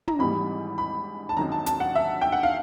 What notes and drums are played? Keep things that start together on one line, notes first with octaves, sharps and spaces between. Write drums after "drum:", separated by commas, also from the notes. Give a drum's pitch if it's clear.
A#5, drum: tom
G#1 G#2 E3 G3 B5
B5
A5
G#1 F#2 D#3 A#5
A5
A5, drum: hi-hat
F#5
E5
G5
F#5
F5